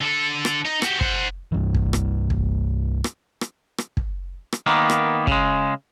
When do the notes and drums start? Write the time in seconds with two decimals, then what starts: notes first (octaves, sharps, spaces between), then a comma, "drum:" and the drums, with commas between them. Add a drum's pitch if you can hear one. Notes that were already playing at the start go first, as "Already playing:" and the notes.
0.01 D3 A4
0.45 drum: rim click
0.65 D#4
0.82 F#4 G4, drum: rim click
1.01 C5 F#5, drum: kick
1.52 C2 G2 E3
1.75 drum: kick
1.93 drum: rim click
2.30 drum: kick
3.04 drum: rim click
3.41 drum: rim click
3.78 drum: rim click
3.97 drum: kick
4.53 drum: rim click
4.66 D#3 A#3 B3
4.90 drum: rim click
5.27 C#3 G#3, drum: kick